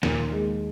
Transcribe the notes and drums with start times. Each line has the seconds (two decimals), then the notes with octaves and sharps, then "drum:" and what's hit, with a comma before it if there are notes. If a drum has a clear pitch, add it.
0.03 D#2 A#2, drum: snare
0.32 G#3